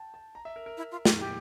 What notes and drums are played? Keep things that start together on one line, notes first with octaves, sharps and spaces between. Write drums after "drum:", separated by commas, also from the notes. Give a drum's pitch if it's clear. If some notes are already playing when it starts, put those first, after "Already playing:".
Already playing: G5 A5
A5
A#5
E5
A#4
A#4
E4
F4
G4, drum: snare
G4